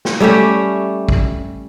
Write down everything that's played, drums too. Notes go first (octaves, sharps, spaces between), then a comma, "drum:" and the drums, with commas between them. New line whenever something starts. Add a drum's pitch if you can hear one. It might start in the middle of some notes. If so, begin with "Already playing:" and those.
drum: snare
G3 A3 C#4 G4
drum: kick